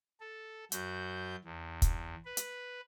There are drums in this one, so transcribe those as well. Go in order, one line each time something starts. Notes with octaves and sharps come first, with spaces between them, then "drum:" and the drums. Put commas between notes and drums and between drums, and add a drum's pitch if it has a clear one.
A4
F#2 F#4 G6, drum: hi-hat
E2
drum: kick, hi-hat
B4
drum: hi-hat